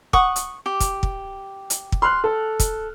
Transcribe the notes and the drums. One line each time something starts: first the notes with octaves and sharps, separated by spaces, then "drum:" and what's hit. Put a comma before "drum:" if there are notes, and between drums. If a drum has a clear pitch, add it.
F#5 C#6 D#6, drum: kick
drum: hi-hat
G4
drum: kick, hi-hat
drum: kick
drum: hi-hat
drum: kick
C6 F6 F#6
A4
drum: kick, hi-hat